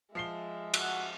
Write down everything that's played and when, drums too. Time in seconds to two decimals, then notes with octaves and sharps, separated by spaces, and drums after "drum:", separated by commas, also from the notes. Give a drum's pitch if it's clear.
0.15 F3 G#3 E5 C7 G7
0.74 F#4 E6 F#6, drum: cymbal